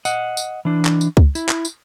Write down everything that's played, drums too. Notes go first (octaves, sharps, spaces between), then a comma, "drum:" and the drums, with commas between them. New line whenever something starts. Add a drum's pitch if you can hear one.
D#5 F#5, drum: tambourine
drum: tambourine
E3 D4
drum: clap
drum: tambourine
drum: kick C#2
E4, drum: tambourine
drum: clap
drum: tambourine